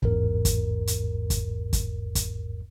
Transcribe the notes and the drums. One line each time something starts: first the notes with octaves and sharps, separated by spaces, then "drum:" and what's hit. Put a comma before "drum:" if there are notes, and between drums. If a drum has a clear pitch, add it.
A1 E2 G#2 A#4, drum: kick
drum: kick, hi-hat
drum: hi-hat
drum: kick, hi-hat
drum: kick, hi-hat
drum: kick, hi-hat